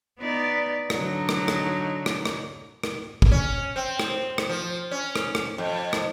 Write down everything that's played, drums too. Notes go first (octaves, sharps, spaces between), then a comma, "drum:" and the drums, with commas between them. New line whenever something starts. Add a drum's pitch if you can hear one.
B3 D#4 D5
D3 F#3 D#4, drum: rim click
drum: rim click
drum: rim click
drum: rim click
drum: rim click
drum: rim click
drum: kick
C#4
C4
drum: rim click
drum: rim click
F3
C#4
drum: rim click
drum: rim click
F2
drum: rim click